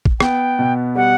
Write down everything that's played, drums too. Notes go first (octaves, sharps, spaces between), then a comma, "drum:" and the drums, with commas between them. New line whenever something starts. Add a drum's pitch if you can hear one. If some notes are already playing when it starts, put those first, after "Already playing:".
drum: kick
B3 G5, drum: rim click
B2
G3 F#5